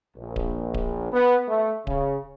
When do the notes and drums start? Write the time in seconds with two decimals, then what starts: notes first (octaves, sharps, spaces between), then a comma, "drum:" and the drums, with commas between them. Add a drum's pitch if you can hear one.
0.17 A#1
0.36 drum: kick D1
0.74 drum: kick D1
1.13 B3
1.49 A3
1.87 C#3, drum: kick D1